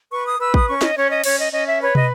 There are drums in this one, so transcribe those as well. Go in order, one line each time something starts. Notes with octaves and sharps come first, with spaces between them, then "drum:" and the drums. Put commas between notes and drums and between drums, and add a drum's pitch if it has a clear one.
B4 C#6
D#6
B4 E6
D#6, drum: kick
C#4 C#6
D#5, drum: snare
C#4 C#5
D#5
C#4 C#5, drum: cymbal
D#5
C#4 D#5
E5
B4 C#5
D#5, drum: tom